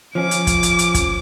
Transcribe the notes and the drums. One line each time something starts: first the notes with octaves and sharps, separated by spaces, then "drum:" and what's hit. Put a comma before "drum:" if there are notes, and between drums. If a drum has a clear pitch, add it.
F3 C#4 D6
drum: hi-hat
drum: kick, hi-hat
drum: hi-hat
drum: hi-hat
drum: kick, hi-hat